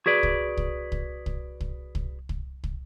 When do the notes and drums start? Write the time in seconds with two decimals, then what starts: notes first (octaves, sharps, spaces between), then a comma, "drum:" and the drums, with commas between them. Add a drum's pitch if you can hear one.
0.06 F#4 G#4 B4 D5
0.23 drum: kick
0.57 drum: kick
0.92 drum: kick
1.26 drum: kick
1.60 drum: kick
1.95 drum: kick
2.29 drum: kick
2.64 drum: kick